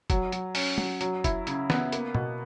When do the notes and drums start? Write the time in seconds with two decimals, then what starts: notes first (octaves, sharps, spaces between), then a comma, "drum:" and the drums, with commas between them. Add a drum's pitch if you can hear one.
0.10 F#3, drum: kick, hi-hat
0.32 F#3, drum: hi-hat
0.55 C#4, drum: open hi-hat
0.78 F#3, drum: tom
1.01 F#3, drum: hi-hat
1.24 E4, drum: kick, hi-hat
1.47 C#3, drum: hi-hat
1.70 B3, drum: snare
1.92 A#3, drum: hi-hat
2.15 B2, drum: tom